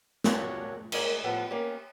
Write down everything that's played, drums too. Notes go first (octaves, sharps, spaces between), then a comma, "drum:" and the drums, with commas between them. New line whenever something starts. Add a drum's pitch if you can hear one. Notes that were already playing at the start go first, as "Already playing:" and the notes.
A#3 C#4 D4 F#4 G4 C#5, drum: snare
D2 G#3 A#3 A#4 D#5 G#5, drum: cymbal
A2 F3 B3 G4 A4 B4
A#3 C#4 G4